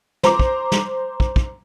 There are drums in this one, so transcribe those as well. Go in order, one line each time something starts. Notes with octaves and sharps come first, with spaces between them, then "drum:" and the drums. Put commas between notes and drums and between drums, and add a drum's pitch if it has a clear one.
C5 A#5 D6, drum: snare
drum: kick
drum: snare
drum: kick
drum: kick